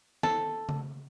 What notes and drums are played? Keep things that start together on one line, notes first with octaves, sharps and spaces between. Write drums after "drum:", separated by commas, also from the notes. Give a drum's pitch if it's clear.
A4, drum: snare
drum: tom C#3